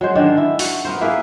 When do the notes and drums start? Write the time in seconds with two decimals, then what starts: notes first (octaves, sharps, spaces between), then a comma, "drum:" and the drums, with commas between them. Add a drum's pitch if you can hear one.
0.01 F#3 G#3 C5
0.15 D3 D#3 G#3 D4
0.37 E4
0.59 F#4, drum: open hi-hat
0.85 B3 A#4 C5
1.01 A#3 E4 G#4 B4